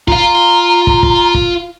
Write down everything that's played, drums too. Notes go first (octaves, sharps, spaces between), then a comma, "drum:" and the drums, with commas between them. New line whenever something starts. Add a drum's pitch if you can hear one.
F4 F5 A#5, drum: kick
drum: kick
drum: kick
drum: kick